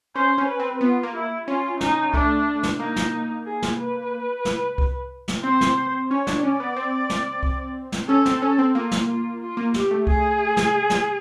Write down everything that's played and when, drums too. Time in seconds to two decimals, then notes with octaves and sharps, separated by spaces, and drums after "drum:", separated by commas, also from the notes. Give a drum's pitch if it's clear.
0.15 C#4 C5
0.38 C#4
0.48 B4
0.60 C4
0.81 B3 F4
1.03 A#3
1.15 E4
1.48 C#4 F4
1.81 D#4, drum: snare
2.14 A3 D4, drum: kick C2
2.63 drum: snare
2.79 A#3 D#4
2.96 drum: snare
3.46 G#4
3.62 drum: snare
3.79 B4
4.45 drum: snare
4.78 drum: kick C2
5.28 drum: snare
5.44 C4 C5
5.61 drum: snare
6.10 C#4 C#5
6.27 D4, drum: snare
6.43 C#4 D5
6.60 B3
6.76 C4
7.10 drum: snare
7.43 drum: kick C2
7.92 drum: snare
8.09 C#4 A4
8.26 C4, drum: snare
8.42 C#4
8.58 C4
8.75 A#3 F4
8.91 drum: snare
9.08 F4
9.41 F4
9.57 A#3
9.74 G4, drum: snare
9.91 A3
10.07 G#4, drum: kick C2
10.57 drum: snare
10.90 drum: snare